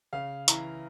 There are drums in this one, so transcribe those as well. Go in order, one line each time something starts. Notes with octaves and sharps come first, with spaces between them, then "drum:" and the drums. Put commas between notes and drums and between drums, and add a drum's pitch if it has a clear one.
C#3 F5
E3 A#5, drum: hi-hat